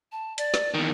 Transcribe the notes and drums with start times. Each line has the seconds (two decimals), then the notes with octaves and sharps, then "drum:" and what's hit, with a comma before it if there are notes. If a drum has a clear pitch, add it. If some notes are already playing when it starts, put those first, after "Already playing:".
0.12 A5
0.38 D5, drum: hi-hat
0.54 drum: snare
0.74 E2 D#3